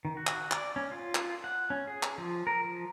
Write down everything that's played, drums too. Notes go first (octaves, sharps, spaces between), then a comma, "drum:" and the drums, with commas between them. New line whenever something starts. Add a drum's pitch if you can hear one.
D#3
F#4
drum: clap
D5, drum: clap
C#4
F4
drum: clap
F#5
C#4
G#4
drum: clap
F3
A#4
F3